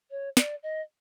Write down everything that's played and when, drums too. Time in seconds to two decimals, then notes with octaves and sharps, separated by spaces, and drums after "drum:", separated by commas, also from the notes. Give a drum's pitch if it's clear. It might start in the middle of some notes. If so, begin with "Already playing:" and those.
0.11 C#5
0.37 D5, drum: snare
0.63 D#5